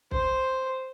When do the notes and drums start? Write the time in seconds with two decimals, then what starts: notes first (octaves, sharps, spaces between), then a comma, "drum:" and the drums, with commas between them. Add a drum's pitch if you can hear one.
0.11 C5, drum: kick